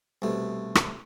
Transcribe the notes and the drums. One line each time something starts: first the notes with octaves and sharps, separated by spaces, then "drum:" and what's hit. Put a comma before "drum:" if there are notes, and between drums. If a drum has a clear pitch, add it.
C2 B2 A3
drum: rim click